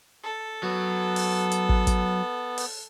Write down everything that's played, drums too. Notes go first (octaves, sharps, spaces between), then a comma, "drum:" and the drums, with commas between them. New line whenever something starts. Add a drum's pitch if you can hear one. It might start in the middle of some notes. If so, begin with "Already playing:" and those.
A4
F#3 B3
drum: open hi-hat
drum: hi-hat
drum: kick
drum: kick, hi-hat
drum: open hi-hat